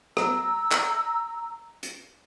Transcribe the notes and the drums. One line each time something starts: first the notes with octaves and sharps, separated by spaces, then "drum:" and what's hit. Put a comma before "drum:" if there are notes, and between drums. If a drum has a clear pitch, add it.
A#5 E6, drum: rim click
drum: clap
drum: hi-hat